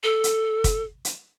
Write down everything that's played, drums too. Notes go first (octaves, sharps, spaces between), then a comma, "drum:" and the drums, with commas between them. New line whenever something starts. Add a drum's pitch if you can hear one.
A4
drum: hi-hat
drum: kick, hi-hat
drum: hi-hat